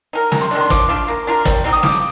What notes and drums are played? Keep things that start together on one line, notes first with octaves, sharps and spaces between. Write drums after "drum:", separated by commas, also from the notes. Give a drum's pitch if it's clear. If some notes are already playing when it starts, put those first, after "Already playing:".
D#4 A#4
C3 A#5, drum: snare
C6
D#3 A3 D4
C6
F3 D6, drum: kick, hi-hat
A3 D4 F4
A#3
D4 F4 A#4
G3, drum: kick, hi-hat
C4 D#4 G4
D#6
F3 D6, drum: snare